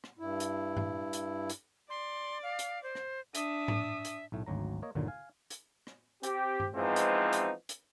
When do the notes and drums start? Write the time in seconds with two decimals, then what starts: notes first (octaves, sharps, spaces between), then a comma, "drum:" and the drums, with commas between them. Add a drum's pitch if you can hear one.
0.04 drum: rim click
0.19 G2 E4
0.40 drum: hi-hat
0.77 drum: tom G2
1.13 drum: hi-hat
1.50 drum: hi-hat
1.90 D5 C6
2.43 F5
2.59 drum: hi-hat
2.83 C5
2.95 drum: rim click
3.35 D4 E5 D#6, drum: hi-hat
3.68 drum: tom G#2
4.05 drum: hi-hat
4.32 B1 A2 A3
4.46 G#1 D2 F#3 A#5
4.82 A#3 C#5 D#5
4.95 G1 D#2 A#2 D3 F#3
5.08 F5 G#5
5.50 drum: hi-hat
5.87 drum: rim click
6.23 C4 G4, drum: hi-hat
6.60 drum: tom G2
6.75 E3 F3 G#3 B3 C4 D#4
6.96 drum: hi-hat
7.33 drum: hi-hat
7.69 drum: hi-hat